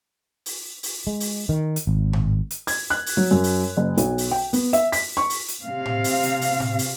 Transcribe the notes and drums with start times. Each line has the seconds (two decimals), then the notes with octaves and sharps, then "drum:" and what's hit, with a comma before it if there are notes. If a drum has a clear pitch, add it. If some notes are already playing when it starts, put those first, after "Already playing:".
0.46 drum: open hi-hat
0.83 drum: open hi-hat
1.07 G#3
1.20 drum: open hi-hat
1.49 D#3
1.76 drum: hi-hat
1.87 G#1
2.13 drum: tom A2
2.51 drum: hi-hat
2.67 G#6, drum: open hi-hat
2.90 F#6
3.06 drum: open hi-hat
3.17 F#3
3.31 F#2
3.44 drum: open hi-hat
3.77 F#1
3.97 B1, drum: hi-hat
4.18 drum: open hi-hat
4.31 G5
4.53 B3, drum: open hi-hat
4.73 E5, drum: hi-hat
4.92 B6, drum: open hi-hat
5.17 C#6
5.30 drum: open hi-hat
5.48 drum: hi-hat
5.63 C3 C4 F5
5.86 drum: tom A2
6.04 drum: open hi-hat
6.23 drum: hi-hat
6.41 drum: open hi-hat
6.60 drum: tom A2
6.79 drum: open hi-hat